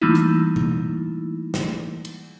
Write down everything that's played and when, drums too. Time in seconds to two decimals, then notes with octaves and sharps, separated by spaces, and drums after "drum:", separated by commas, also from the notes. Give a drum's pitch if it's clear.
0.01 E3 G3 A3 A#3 D#4 E4
0.15 drum: hi-hat
0.56 drum: tom B2
1.54 drum: snare
2.05 drum: cymbal